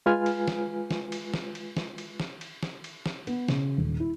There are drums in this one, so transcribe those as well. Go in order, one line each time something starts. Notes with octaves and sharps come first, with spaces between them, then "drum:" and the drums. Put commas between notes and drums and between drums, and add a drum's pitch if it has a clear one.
G#3 F4 B4 G#5 F6
drum: cymbal
drum: snare
drum: snare
drum: cymbal
drum: snare
drum: cymbal
drum: snare
drum: cymbal
drum: snare
drum: cymbal
drum: snare
drum: cymbal
drum: snare
B3, drum: cymbal
C#3, drum: snare
D#1
E4